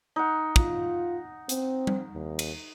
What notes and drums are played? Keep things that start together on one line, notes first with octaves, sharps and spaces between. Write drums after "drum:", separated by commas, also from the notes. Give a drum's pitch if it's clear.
D#4 F#5
F4, drum: kick
C4, drum: hi-hat
drum: tom G3
D#2
drum: cymbal